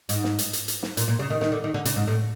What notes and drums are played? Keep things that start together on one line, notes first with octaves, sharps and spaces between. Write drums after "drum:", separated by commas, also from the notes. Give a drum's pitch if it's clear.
G#2, drum: hi-hat
drum: snare
drum: hi-hat
drum: hi-hat
drum: hi-hat
drum: snare
A#2, drum: hi-hat
A#2
C#3
D#3
D#3, drum: snare
D3
D#3
D3
C#3, drum: hi-hat
G#2
A2